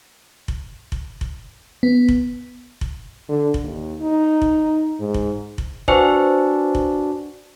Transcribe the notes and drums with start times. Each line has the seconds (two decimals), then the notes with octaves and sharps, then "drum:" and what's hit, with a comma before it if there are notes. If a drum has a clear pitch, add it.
0.48 drum: kick F1
0.92 drum: kick F1
1.21 drum: kick F1
1.83 B3
2.09 drum: kick F1
2.81 drum: kick F1
3.29 D3
3.54 drum: kick F1
3.64 D#2
4.02 D#4
4.42 drum: kick F1
5.00 G#2
5.14 drum: kick F1
5.58 drum: kick F1
5.88 D4 F#4 B4 C5 G#5, drum: kick F1
6.75 drum: kick F1